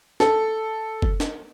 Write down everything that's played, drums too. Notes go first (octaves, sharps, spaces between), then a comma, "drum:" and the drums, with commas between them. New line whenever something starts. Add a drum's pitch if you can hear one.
A4, drum: snare
drum: kick F#1
drum: snare